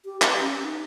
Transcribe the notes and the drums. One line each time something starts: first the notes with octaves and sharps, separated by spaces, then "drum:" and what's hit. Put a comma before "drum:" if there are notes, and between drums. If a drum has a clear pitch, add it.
G4
G4, drum: clap
C#4
D#4